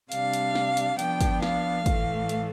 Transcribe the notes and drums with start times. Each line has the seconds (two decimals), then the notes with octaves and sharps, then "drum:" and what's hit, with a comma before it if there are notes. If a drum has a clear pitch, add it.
0.12 C3 G3 D4 F5, drum: hi-hat
0.33 drum: hi-hat
0.55 drum: snare
0.77 drum: hi-hat
0.99 F3 B3 D4 G5, drum: hi-hat
1.21 drum: kick, hi-hat
1.42 F5, drum: snare
1.86 A2 E3 A3, drum: kick, hi-hat
2.29 drum: hi-hat